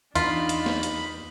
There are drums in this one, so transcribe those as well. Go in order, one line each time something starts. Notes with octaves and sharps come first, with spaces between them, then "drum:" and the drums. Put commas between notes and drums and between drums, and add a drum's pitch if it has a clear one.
E2 D4 D#4 F4 B5, drum: hi-hat
drum: hi-hat
drum: snare
drum: hi-hat